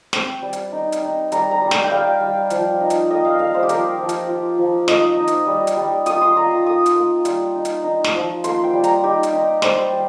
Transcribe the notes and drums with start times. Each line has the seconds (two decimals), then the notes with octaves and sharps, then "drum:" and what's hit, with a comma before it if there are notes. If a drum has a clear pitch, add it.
0.13 C4 G5, drum: snare
0.42 G3
0.53 drum: hi-hat
0.72 D#4
0.92 drum: hi-hat
1.02 D#4
1.32 G3 A#5, drum: hi-hat
1.51 A#5
1.62 G3
1.71 G5, drum: snare
1.84 G5
1.91 G3 F5
2.20 G3
2.50 F3, drum: hi-hat
2.81 D#4
2.90 drum: hi-hat
3.10 A#3 D#5
3.25 F5
3.39 A#3 F5
3.54 C5
3.63 G4
3.69 F3 A#4, drum: hi-hat
3.98 F3
4.09 drum: hi-hat
4.28 F4
4.58 F3
4.88 D#4 D#5, drum: snare
5.17 D#4
5.27 drum: hi-hat
5.47 G3
5.67 drum: hi-hat
5.77 G3
6.06 F4 D#6, drum: hi-hat
6.21 C6
6.36 F4 A#5
6.51 C6
6.66 A#3 D#6
6.86 drum: hi-hat
6.95 A#3
7.25 G3, drum: hi-hat
7.56 D#4
7.65 drum: hi-hat
7.84 D#4
8.04 drum: snare
8.14 F3
8.44 A#3 C6, drum: hi-hat
8.64 G5
8.73 G3
8.84 A#5, drum: hi-hat
9.04 D#4 G4
9.23 drum: hi-hat
9.33 D#4
9.62 G3 C5, drum: snare
9.93 G3